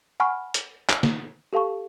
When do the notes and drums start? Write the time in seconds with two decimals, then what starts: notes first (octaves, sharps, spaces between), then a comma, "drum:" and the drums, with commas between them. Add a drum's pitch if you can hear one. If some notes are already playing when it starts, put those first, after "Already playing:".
0.20 F#5 G#5 B5 C#6 F6
0.54 drum: hi-hat
0.89 drum: clap
1.03 drum: snare
1.53 G4 A4 F5 A5 C#6